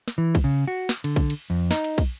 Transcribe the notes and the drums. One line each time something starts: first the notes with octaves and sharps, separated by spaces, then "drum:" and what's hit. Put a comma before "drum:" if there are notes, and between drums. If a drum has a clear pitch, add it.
drum: snare
E3
drum: kick, cymbal
C#3
F#4
drum: snare
D3, drum: cymbal
drum: kick, cymbal
drum: cymbal
F2
D#4, drum: snare
drum: cymbal
drum: kick, cymbal